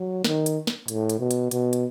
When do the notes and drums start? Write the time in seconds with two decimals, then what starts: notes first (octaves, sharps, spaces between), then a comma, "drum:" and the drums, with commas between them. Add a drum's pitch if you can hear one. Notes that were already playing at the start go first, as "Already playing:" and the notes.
Already playing: F#3
0.24 D#3, drum: snare
0.46 drum: hi-hat
0.67 drum: snare
0.88 A2, drum: hi-hat
1.10 drum: hi-hat
1.20 B2
1.31 drum: hi-hat
1.51 B2, drum: hi-hat
1.73 drum: hi-hat